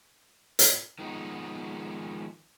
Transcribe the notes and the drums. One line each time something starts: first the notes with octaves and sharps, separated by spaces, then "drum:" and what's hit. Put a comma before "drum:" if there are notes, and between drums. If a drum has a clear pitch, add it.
drum: hi-hat
D#3 F3 G#3 B3 D#4